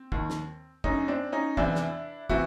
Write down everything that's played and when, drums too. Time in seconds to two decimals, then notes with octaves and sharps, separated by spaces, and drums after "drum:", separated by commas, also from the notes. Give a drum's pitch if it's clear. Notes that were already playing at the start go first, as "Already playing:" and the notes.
Already playing: C4
0.12 D#2 D#3, drum: kick
0.30 drum: snare
0.84 F#2 D3 C#4 D#4, drum: kick
1.08 C4 D4
1.32 C#4 D#4
1.57 E2 C3 E3 D4 E4, drum: kick
1.75 drum: snare
2.30 C3 E3 E4 F#4, drum: kick